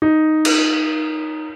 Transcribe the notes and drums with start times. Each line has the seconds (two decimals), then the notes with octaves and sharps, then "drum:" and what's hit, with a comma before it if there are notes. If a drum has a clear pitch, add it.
0.02 D#4
0.45 drum: cymbal